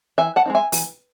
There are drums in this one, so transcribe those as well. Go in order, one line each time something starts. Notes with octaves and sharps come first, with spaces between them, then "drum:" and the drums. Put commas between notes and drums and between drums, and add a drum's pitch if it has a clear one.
E3 E5 G#5
F#5 A5
G#3 C4 D#4
E5 G#5
E3, drum: open hi-hat